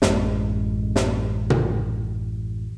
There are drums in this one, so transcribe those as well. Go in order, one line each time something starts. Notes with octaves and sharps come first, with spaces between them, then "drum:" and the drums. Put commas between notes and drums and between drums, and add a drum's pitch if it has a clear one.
A1 F#2 G#3, drum: snare
drum: snare
drum: tom A#2